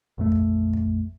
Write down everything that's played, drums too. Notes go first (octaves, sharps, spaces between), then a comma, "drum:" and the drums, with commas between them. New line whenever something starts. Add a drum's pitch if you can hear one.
A#1 F2 A3
drum: kick
drum: kick